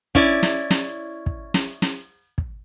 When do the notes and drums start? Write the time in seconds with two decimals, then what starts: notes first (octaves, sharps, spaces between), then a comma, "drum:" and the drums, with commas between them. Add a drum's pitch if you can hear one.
0.15 C#4 E4 D5, drum: kick
0.43 drum: snare
0.71 drum: snare
1.26 drum: kick
1.54 drum: snare
1.82 drum: snare
2.38 drum: kick